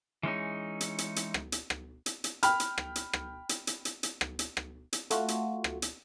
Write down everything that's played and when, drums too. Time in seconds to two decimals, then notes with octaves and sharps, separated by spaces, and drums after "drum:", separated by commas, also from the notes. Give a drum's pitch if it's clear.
0.23 E3 G#3 C#4 D#4
0.81 drum: hi-hat
0.98 drum: hi-hat
1.16 drum: hi-hat
1.34 drum: rim click
1.52 drum: hi-hat
1.70 drum: rim click
2.06 drum: hi-hat
2.24 drum: hi-hat
2.43 G5 B5 F6, drum: hi-hat
2.60 drum: hi-hat
2.78 drum: rim click
2.96 drum: hi-hat
3.13 drum: rim click
3.49 drum: hi-hat
3.67 drum: hi-hat
3.85 drum: hi-hat
4.03 drum: hi-hat
4.21 drum: rim click
4.39 drum: hi-hat
4.57 drum: rim click
4.93 drum: hi-hat
5.10 A3 F4 F#4, drum: hi-hat
5.28 drum: hi-hat
5.64 drum: rim click
5.82 drum: hi-hat